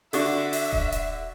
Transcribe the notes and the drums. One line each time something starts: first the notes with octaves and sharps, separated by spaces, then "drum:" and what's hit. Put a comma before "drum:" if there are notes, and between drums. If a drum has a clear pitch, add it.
D3 D4 F#4 E5, drum: open hi-hat
drum: open hi-hat
drum: kick D#1
drum: hi-hat